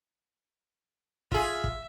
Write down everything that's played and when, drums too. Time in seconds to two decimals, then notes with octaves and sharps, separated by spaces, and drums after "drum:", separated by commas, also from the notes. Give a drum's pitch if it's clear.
1.32 F4 G#4 E5, drum: kick
1.64 drum: kick